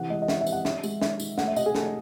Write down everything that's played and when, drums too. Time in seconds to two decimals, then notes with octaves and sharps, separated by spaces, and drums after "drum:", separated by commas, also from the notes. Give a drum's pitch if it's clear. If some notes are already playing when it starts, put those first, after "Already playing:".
Already playing: C3 E3 F#5
0.10 G#3 D#5
0.22 D#5
0.28 C4 E5, drum: snare
0.41 E5
0.46 C4, drum: tambourine
0.52 F#5
0.65 D#3 E5, drum: snare
0.83 G#3, drum: tambourine
1.02 D#3 E5, drum: snare
1.20 D#3, drum: tambourine
1.38 A3 F#5, drum: snare
1.48 E5
1.56 C3 D#5, drum: tambourine
1.66 G#4
1.75 A3 A4, drum: snare